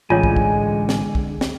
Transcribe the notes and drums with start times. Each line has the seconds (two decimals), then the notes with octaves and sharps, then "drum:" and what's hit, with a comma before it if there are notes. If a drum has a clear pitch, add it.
0.10 A1 D3 G#3 F4 C#5 G#5
0.23 drum: kick
0.36 drum: kick
0.89 drum: snare
1.15 drum: kick
1.41 drum: snare